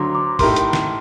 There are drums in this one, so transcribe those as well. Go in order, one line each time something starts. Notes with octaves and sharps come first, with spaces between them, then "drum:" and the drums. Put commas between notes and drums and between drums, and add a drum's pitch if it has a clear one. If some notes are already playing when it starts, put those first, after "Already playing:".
Already playing: D2 D3 F#3 A#5 C6 D6
D6
A2 A3 D#4 G4 A#4 C6, drum: kick A1, open hi-hat
drum: hi-hat
drum: snare